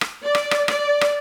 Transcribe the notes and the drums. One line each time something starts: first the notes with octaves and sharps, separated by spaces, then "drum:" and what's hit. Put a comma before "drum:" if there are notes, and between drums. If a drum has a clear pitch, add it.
drum: rim click
D5
drum: rim click
drum: rim click
D5, drum: rim click
drum: rim click